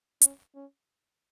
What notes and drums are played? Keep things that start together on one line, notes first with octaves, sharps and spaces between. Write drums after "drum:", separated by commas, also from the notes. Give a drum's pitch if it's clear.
C#4, drum: hi-hat
C#4